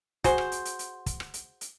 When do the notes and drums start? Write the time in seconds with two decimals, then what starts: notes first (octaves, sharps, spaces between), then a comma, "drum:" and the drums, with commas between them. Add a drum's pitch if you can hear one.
0.24 F#4 G#4 C5, drum: kick, hi-hat
0.38 drum: rim click
0.52 drum: hi-hat
0.65 drum: hi-hat
0.79 drum: hi-hat
1.06 drum: kick, hi-hat
1.20 drum: rim click
1.34 drum: hi-hat
1.61 drum: hi-hat